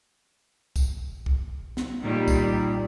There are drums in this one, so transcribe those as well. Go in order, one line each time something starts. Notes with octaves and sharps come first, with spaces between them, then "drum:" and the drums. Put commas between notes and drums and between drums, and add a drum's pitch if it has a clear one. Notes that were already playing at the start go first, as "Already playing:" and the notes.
drum: kick C2, tambourine
drum: kick C2
drum: snare
A#2 D#3 G3
drum: kick C2, tambourine